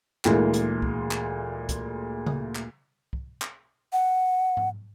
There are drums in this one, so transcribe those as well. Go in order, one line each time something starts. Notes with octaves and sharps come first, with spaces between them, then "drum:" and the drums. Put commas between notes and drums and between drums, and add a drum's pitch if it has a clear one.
D2 A#2 E3 G#3 A#3, drum: clap
drum: hi-hat
drum: kick C2
drum: clap
drum: kick C2, hi-hat
drum: tom C#3
drum: clap
drum: kick C2
drum: clap
F#5
drum: tom G#2